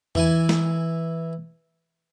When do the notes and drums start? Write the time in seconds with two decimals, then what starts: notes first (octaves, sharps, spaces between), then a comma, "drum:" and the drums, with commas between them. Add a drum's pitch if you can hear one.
0.15 E3 E4 G#5, drum: tom E2
0.49 drum: snare